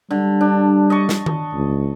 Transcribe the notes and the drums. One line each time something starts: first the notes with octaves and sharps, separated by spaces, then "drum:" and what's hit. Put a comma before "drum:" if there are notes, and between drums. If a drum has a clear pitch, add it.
D3 G3
D4
D#5 A5 C#6
drum: snare
drum: tom D#3
C#2